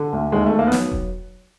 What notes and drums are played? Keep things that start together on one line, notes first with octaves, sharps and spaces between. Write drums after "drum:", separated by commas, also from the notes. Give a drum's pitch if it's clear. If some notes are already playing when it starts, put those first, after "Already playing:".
Already playing: D3
D2
D#2 G#3
A3
D#3
A#3
B3
F#3, drum: snare
drum: kick E1